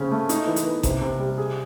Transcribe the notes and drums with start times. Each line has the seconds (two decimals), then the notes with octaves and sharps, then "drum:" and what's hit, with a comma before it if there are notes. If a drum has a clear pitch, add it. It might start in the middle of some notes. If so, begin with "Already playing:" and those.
Already playing: C#3 C4 C#4
0.11 A3
0.29 D#4, drum: hi-hat
0.47 E3
0.56 drum: hi-hat
0.66 B3
0.83 C3, drum: kick A1, hi-hat
1.01 C3
1.19 G3
1.38 G#4